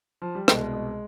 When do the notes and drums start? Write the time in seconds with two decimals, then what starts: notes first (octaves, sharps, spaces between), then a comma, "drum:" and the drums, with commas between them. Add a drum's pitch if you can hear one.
0.22 F3
0.35 G3
0.48 C2 B2 G#3, drum: rim click
0.74 G#3